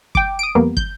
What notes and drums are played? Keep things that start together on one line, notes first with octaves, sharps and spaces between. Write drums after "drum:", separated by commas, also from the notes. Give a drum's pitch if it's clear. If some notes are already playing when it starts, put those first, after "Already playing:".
G5 D6, drum: kick
D#6 D7
F2 G3 A#3 B3
G6, drum: kick